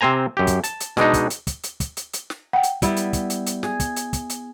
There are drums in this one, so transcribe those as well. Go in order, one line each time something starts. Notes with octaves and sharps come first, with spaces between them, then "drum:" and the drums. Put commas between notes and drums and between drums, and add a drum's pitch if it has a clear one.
C3 C4 C5 G#5 A#5
F#2 G4
drum: kick, hi-hat
A5, drum: hi-hat
drum: hi-hat
B2 G#3 D4 D#4, drum: snare
drum: kick, hi-hat
drum: hi-hat
drum: kick, hi-hat
drum: hi-hat
drum: kick, hi-hat
drum: hi-hat
drum: hi-hat
drum: snare
F#5 G5
drum: hi-hat
G3 B3 E4, drum: kick, hi-hat
drum: hi-hat
drum: kick, hi-hat
drum: hi-hat
drum: hi-hat
G#4, drum: snare
drum: kick, hi-hat
drum: hi-hat
drum: kick, hi-hat
drum: hi-hat